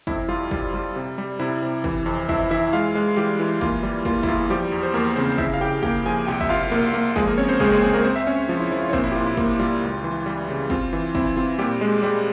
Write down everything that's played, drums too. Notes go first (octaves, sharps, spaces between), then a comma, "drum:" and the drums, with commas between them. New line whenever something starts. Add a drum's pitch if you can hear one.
F2 E4, drum: kick
G3 F4
G3, drum: kick
G3
C3
G3
C3 E4
C3
E3, drum: kick
F2
F2 E4 E5, drum: kick
E3 E4 E5
G#3 F4 F5
G#3
E3 G3 G4
E3
A#3 F4, drum: kick
G3
A#3 F4, drum: kick
E4, drum: kick
E2 F4
F3 G3 G4
E2
C5
E2 A#3 A#4
C#3 C4 C5
C#3 E4 E5, drum: kick
F5
C#3 G4 G5
A#3 G4 G5, drum: kick
F3 G#4 G#5
C2 G4 G5
E5, drum: kick
C2 F4 F5
C2 A#3 A#4
A#3
F3 G#3 G#4, drum: kick
A#3 A#4
C4 C#4 C#5
C4 C5
C#2 G#3 G#4, drum: kick
A#3 A#4
G#3 C4 G#4
A#3 A#4
C4 C5
E5
C4 C#4 C#5
F3 F4
E4
F3 E4
F4
C#5
A#2 C4 C5, drum: kick
E4
G4
A#2 F4
E4
A#3 F4, drum: kick
G3 F4
C#2
E3
G3
C#3
C4 F4, drum: kick
E3
C4 E4, drum: kick
C4 F4
A#2 G3 G4
G#3
G3 G#3 G4